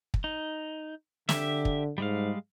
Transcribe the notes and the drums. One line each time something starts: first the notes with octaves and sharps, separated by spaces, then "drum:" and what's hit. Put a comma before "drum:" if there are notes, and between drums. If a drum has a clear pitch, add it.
drum: kick
D#4
D3 G4 E5, drum: snare
drum: kick
G#2 G3 G#3 F5